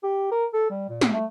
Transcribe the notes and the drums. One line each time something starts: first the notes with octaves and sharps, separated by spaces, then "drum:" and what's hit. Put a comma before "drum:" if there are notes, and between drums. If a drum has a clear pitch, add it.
G4
A#4
A4
G3
A#2
drum: snare
A3